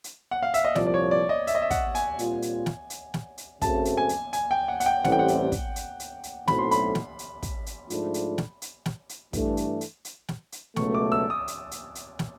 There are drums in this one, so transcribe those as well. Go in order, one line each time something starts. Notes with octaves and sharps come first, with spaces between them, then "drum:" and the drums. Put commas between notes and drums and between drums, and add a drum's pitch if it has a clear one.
drum: hi-hat
F#5
F5
E5, drum: hi-hat
D#5
C2 A#2 F3 D5, drum: snare
D5
C#5
D5
D#5
E5, drum: hi-hat
D#5
E5
F#5, drum: kick, hi-hat
G#5, drum: hi-hat
A#2 G3 C4 F4, drum: hi-hat
drum: hi-hat
drum: snare
drum: hi-hat
drum: snare
drum: hi-hat
F#2 C#3 F#3 A3 C4 A5, drum: kick, hi-hat
drum: hi-hat
G#5
drum: hi-hat
G#5, drum: hi-hat
G5
F#5
F#5, drum: hi-hat
G5
A1 A2 E3 G3 C4 F#5, drum: snare
G5
F#5
drum: hi-hat
drum: kick, hi-hat
drum: hi-hat
drum: hi-hat
drum: hi-hat
B1 A2 F#3 A3 C4 B5, drum: snare
C6
B5, drum: hi-hat
drum: snare
drum: hi-hat
drum: kick, hi-hat
drum: hi-hat
G#2 F3 A3 D4 F4, drum: hi-hat
drum: hi-hat
drum: snare
drum: hi-hat
drum: snare
drum: hi-hat
G2 E3 A3 D4, drum: kick, hi-hat
drum: hi-hat
drum: hi-hat
drum: hi-hat
drum: snare
drum: hi-hat
C#2 B2 F#3 A3 C#6, drum: snare
D6
E6
D#6
drum: hi-hat
drum: hi-hat
drum: hi-hat
drum: snare